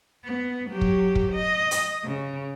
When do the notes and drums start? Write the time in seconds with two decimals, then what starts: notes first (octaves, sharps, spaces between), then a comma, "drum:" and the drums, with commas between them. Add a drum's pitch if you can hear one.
0.25 B3
0.70 F#3 G4
0.81 drum: kick
1.15 drum: kick
1.32 D#5
1.71 drum: hi-hat
2.04 C#3